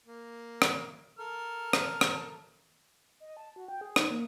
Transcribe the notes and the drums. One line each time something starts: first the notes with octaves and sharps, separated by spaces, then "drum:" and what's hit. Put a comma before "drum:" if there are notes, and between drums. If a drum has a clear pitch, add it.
A#3
drum: rim click
A4 A#4 F6
drum: rim click
drum: rim click
D#5
A5
F#4
G5
G#4
D#4, drum: rim click
A#3